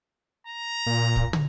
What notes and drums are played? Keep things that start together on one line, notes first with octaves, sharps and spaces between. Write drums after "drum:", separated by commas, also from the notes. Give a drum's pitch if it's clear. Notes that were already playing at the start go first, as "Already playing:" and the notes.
A#5
A#2
drum: kick
drum: tom